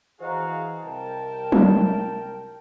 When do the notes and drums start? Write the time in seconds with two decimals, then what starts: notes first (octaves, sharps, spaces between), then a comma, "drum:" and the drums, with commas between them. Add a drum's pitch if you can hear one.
0.20 E3 F#4 G#4 C5 D#5 F5 A#5
0.83 C2 A#4 G5 A5
1.52 drum: tom F#3